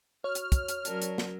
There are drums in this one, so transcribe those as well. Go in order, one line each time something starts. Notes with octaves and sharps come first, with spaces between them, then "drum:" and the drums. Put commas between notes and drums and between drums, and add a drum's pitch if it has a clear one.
F#4 C#5 F6
drum: hi-hat
drum: kick, hi-hat
drum: hi-hat
F#3 C#4 A#4 D5 A5, drum: hi-hat
drum: hi-hat
drum: snare